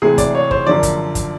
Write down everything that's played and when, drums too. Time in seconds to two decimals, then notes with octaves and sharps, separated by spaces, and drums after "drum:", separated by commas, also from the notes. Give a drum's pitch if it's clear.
0.02 D2 C3 E3 A3 G#4
0.18 D5, drum: kick, hi-hat
0.35 C#5
0.51 C5, drum: kick
0.66 F#2 D3 F3 D5
0.83 drum: kick, hi-hat
1.15 drum: kick, hi-hat